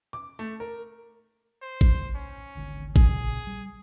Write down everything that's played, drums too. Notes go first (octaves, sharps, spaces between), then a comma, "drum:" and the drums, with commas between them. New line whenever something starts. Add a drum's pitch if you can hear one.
D6
A3
A#4
C5
drum: kick G#1
C#4
D1 G#1 D3
A#2 C#3 G#4, drum: kick G#1
G3